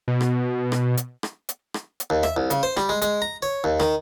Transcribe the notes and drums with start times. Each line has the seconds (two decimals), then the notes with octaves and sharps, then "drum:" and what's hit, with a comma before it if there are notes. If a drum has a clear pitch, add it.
0.08 B2
0.21 drum: rim click
0.72 drum: rim click
0.97 drum: hi-hat
1.23 drum: rim click
1.49 drum: hi-hat
1.74 drum: rim click
2.00 drum: hi-hat
2.10 D#2
2.23 E5, drum: rim click
2.37 C2
2.50 C#3, drum: hi-hat
2.63 C5
2.77 G3, drum: rim click
2.89 G#3
3.02 G#3, drum: hi-hat
3.22 A#5
3.42 C#5
3.64 D#2
3.80 D#3, drum: rim click